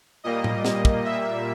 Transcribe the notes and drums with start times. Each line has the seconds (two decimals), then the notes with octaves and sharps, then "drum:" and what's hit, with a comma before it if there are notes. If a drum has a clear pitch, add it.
0.24 A#2 G3 A#3 D#5
0.44 drum: tom A2
0.65 drum: snare
0.85 drum: kick
1.05 E5